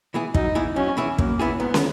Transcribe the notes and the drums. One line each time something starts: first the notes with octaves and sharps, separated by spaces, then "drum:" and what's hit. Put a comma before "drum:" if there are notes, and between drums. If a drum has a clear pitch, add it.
E3 B3 E4 G#4
F#2 D#4, drum: kick
E3 B3 E4 G#4
F#2 C#4
E3 B3 E4 G#4
F#2 A#3, drum: kick
E3 B3 E4 G#4
G#2 B3
drum: snare